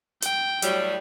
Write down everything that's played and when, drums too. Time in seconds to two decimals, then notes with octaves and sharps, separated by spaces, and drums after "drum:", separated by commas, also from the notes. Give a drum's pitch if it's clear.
0.22 G5, drum: hi-hat
0.62 A2 F#3 G3, drum: hi-hat